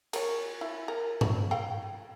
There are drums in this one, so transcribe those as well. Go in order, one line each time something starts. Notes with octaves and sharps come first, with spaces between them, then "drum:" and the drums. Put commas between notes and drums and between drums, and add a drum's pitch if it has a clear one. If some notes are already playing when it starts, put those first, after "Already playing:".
A#4 C#5, drum: cymbal
E4
A#4
F#3 B5, drum: tom G2
A4 F5 G5